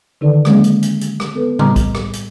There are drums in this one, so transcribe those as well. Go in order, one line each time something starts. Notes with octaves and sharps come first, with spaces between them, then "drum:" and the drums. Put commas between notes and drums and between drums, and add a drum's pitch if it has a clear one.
D3 D#3 D#4 A4 B4 D5
F#3 G#3 A#3 C#4 G#4, drum: rim click
drum: hi-hat
drum: hi-hat
drum: hi-hat
drum: rim click
B3 A4 B4
A2 G3 D#5 A#5 D6 F6, drum: tom
drum: kick, hi-hat
drum: rim click
drum: hi-hat